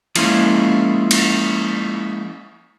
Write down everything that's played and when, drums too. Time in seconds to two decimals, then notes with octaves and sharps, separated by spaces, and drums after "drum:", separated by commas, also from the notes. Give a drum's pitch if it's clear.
0.16 F3 G#3 A#3 C#4 E4 F4, drum: cymbal
1.11 drum: cymbal